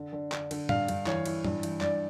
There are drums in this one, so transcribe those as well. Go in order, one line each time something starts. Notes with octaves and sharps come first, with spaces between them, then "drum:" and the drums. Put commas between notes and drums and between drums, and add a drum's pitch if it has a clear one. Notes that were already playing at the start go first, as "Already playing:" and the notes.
Already playing: D3
D3
D3, drum: clap
D3, drum: cymbal
G2 F5, drum: tom A2
G2, drum: cymbal
E3 C#5, drum: clap
E3, drum: cymbal
G2, drum: tom A2
E3, drum: cymbal
G2 D5, drum: clap